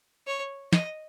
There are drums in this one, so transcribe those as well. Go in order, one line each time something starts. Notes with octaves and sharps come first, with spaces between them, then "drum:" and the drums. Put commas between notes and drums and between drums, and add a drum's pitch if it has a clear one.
C#5
D#5, drum: snare